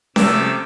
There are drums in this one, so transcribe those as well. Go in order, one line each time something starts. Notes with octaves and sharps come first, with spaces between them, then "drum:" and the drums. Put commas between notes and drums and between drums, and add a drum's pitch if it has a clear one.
C3 F3 A3 D6 E6, drum: snare C#4